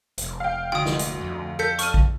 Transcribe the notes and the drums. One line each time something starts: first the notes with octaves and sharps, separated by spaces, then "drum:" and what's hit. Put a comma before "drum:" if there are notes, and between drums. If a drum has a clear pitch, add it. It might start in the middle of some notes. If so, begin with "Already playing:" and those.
F1, drum: hi-hat
F5 G5
D2 G5 D#6
drum: snare
drum: hi-hat
F2
A4 G6 B6 C#7
C#6 F6 D#7, drum: hi-hat
drum: kick A#1